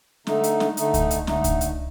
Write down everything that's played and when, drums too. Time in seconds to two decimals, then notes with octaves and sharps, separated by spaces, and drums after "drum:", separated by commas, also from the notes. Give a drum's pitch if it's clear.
0.27 D3 A3 D#4, drum: snare
0.44 drum: hi-hat
0.60 drum: snare
0.77 D3 A3 D#4, drum: hi-hat
0.94 drum: kick C#2, hi-hat
1.11 drum: hi-hat
1.27 D3 A3 D#4, drum: snare
1.44 drum: kick C#2, hi-hat
1.61 drum: hi-hat